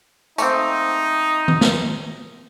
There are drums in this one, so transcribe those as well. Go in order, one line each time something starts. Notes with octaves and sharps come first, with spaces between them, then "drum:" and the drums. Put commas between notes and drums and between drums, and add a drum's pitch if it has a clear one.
A3 A#3 C4 D#4, drum: tambourine
drum: tom D#3
drum: snare